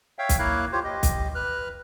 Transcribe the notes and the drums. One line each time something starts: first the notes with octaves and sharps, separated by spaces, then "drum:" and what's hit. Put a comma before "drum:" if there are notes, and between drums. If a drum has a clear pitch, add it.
C#5 E5 F5 G5
drum: kick B1, hi-hat
A#3 E4 A#4 C#5 F5 F#6
F4 G4 C5 C#5
G4 D#5
drum: kick B1, hi-hat
B4 F6 F#6